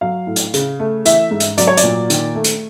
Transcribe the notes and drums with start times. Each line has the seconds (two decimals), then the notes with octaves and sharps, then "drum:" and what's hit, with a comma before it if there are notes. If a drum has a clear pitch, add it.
0.01 F#3 F5
0.27 A2
0.36 drum: hi-hat
0.54 C#3, drum: hi-hat
0.79 A3
1.05 E3 E5, drum: hi-hat
1.31 G#2
1.40 drum: hi-hat
1.58 F#3 D5, drum: hi-hat
1.67 C#5
1.77 D5, drum: hi-hat
1.83 A#2
2.10 D#3, drum: hi-hat
2.35 A3
2.44 drum: hi-hat